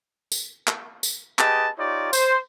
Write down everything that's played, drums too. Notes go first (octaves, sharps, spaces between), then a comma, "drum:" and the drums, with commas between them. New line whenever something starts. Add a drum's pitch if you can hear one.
drum: tambourine
drum: clap
drum: tambourine
G4 G#4 B4 D#5 A5, drum: clap
D#4 F4 G4 C#5 D5
C5, drum: tambourine